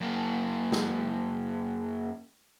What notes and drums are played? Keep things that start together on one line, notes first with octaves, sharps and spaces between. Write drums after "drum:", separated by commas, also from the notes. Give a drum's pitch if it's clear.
F#2 A#3
drum: snare